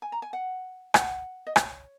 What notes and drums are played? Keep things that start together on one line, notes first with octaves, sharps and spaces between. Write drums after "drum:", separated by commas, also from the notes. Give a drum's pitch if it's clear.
G#5
A#5
G#5
F#5
F#5, drum: rim click
D#5
C#5, drum: rim click